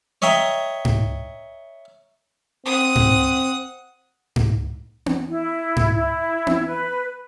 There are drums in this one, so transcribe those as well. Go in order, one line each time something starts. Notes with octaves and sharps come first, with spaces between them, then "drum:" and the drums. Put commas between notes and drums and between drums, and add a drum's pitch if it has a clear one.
C#5 D#5 E5 G5 A#5
drum: tom G#2
C4 F#5 D#6
drum: tom G#2
drum: tom G#2
drum: tom B3
E4
drum: tom G#2
E4
drum: tom B3
B4